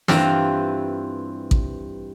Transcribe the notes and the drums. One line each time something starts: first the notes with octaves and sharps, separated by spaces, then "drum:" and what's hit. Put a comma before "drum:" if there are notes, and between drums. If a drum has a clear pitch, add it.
G2 E3 C4 F4 A#5, drum: snare
drum: kick A1